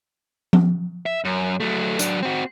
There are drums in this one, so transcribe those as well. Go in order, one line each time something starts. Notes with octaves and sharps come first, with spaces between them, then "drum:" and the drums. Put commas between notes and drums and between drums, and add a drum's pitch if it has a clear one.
drum: tom F3
E5
F#2
F#3 A3
F#3 D4, drum: hi-hat
C4 F#4